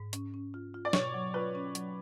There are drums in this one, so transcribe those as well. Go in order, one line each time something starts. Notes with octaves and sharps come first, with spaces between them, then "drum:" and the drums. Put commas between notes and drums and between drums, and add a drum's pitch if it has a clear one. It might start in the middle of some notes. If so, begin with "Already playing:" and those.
Already playing: G#2
C#4, drum: hi-hat
C#4
F4
F4
D5
B2 C#5, drum: snare
F#3
F4 B4
C#4
F#3, drum: hi-hat